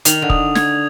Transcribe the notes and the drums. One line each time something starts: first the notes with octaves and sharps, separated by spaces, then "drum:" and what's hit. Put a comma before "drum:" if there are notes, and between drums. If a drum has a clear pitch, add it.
D#3 F7, drum: hi-hat
D3
D#6, drum: kick
G#6, drum: snare